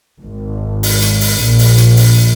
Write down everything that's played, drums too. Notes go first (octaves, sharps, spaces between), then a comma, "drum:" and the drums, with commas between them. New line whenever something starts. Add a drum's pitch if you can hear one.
G#1
drum: open hi-hat
drum: hi-hat
drum: open hi-hat
A#1
drum: open hi-hat
drum: hi-hat
drum: open hi-hat